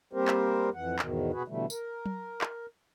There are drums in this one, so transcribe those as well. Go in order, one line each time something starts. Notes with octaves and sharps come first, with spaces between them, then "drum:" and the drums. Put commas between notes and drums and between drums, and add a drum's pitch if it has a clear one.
G3 A#3 C4 G4 A#4 C5
drum: clap
F2 E3 F#5
E2 G#2 B2 D#3, drum: clap
B2 F#4 G#4 B4
B2 D3 E3 G3 A3
A#4, drum: tambourine
drum: tom F#3
drum: clap